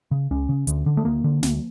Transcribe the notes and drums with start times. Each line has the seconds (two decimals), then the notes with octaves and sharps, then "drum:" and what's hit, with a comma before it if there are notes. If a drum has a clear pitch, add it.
0.11 C#3
0.31 C#2 C#4
0.49 C#3
0.67 D2, drum: hi-hat
0.86 D3
0.97 A3
1.05 D2 A#3
1.24 D3
1.43 D2, drum: snare